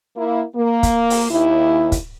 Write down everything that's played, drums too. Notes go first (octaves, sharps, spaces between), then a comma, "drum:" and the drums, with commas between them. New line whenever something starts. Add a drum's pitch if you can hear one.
A#3 E4
A#3
drum: kick, hi-hat
drum: open hi-hat
D#2 E4
drum: kick, hi-hat